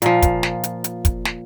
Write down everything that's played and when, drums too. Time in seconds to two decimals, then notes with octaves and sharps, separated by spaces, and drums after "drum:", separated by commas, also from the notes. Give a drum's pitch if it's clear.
0.02 A#2 F3, drum: hi-hat
0.22 drum: kick, hi-hat
0.43 drum: snare
0.64 drum: hi-hat
0.84 drum: hi-hat
1.05 drum: kick, hi-hat
1.25 drum: snare